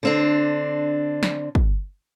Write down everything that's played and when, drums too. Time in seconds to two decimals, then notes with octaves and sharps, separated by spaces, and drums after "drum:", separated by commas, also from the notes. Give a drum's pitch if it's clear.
0.03 D3 C4 D4
1.23 drum: snare
1.55 drum: kick